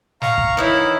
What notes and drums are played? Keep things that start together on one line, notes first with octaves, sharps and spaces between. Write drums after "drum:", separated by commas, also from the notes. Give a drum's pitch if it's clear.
F5 A#5 C#6, drum: snare
drum: kick
D#3 E3 C#4 D#4 E4